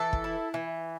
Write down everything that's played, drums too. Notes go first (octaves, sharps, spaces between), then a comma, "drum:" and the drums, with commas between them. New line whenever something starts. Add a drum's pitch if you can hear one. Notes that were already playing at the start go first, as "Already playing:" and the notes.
Already playing: E3 A4
drum: kick
E4
E3